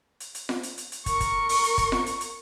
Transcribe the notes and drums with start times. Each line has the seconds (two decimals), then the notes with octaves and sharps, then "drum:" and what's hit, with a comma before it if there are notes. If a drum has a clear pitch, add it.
0.20 drum: hi-hat
0.35 drum: hi-hat
0.49 drum: snare F4
0.63 drum: hi-hat
0.78 drum: hi-hat
0.92 drum: hi-hat
1.06 A#4 C#6, drum: kick, hi-hat
1.20 drum: kick, hi-hat
1.49 drum: open hi-hat
1.63 drum: hi-hat
1.78 drum: kick, hi-hat
1.92 drum: snare F4
2.06 drum: hi-hat
2.21 drum: hi-hat